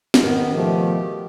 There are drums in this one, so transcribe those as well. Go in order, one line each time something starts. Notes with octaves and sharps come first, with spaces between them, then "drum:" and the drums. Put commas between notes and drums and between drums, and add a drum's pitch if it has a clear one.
drum: snare
G#2 D#3 B3
B2 F3 A3 G4